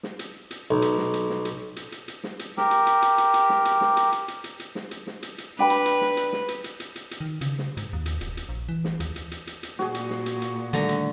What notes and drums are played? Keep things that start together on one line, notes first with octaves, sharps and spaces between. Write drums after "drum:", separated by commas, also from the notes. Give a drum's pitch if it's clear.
drum: snare
drum: hi-hat
drum: hi-hat
B1
drum: hi-hat
drum: snare
drum: hi-hat
drum: snare
drum: hi-hat
drum: hi-hat
drum: hi-hat
drum: hi-hat
drum: snare
drum: hi-hat
G4 A#4, drum: snare
drum: hi-hat
drum: hi-hat
drum: hi-hat
drum: hi-hat
drum: hi-hat
drum: snare
drum: hi-hat
drum: snare
drum: hi-hat
drum: hi-hat
drum: hi-hat
drum: hi-hat
drum: hi-hat
drum: snare
drum: hi-hat
drum: snare
drum: hi-hat
drum: hi-hat
D4 B4 G5 B5
drum: hi-hat
drum: hi-hat
drum: snare
drum: hi-hat
drum: snare
drum: hi-hat
drum: hi-hat
drum: hi-hat
drum: hi-hat
drum: hi-hat
D#3
C#3, drum: hi-hat
drum: snare
G#2, drum: hi-hat
D#2
drum: hi-hat
D#1, drum: hi-hat
drum: hi-hat
A#1
E3
drum: snare
D#2, drum: hi-hat
drum: hi-hat
drum: hi-hat
drum: hi-hat
drum: hi-hat
A#2 F#4 G#4, drum: snare
drum: hi-hat
drum: snare
drum: hi-hat
drum: hi-hat
D3 D#3 G3 A3 A#5, drum: hi-hat
drum: hi-hat